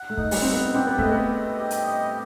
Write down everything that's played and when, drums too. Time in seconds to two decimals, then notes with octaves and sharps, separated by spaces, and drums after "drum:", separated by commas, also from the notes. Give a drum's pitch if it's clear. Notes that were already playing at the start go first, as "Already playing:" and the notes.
Already playing: F#5
0.10 A3
0.17 D#4, drum: kick
0.31 G3, drum: open hi-hat
0.42 C4 F#5
0.53 B3
0.74 C4 G4
0.87 B3
0.98 A3 D#5, drum: kick
1.12 B3
1.31 D#5
1.58 G4
1.71 drum: hi-hat
1.87 D#5